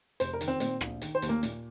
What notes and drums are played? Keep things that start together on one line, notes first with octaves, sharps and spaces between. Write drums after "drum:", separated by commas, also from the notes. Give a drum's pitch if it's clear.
F1 C5, drum: hi-hat
A#4
D#3, drum: hi-hat
C4
A#2 C4, drum: hi-hat
A#1, drum: rim click
D#3, drum: hi-hat
C5
D#2, drum: hi-hat
A#3
A#2, drum: hi-hat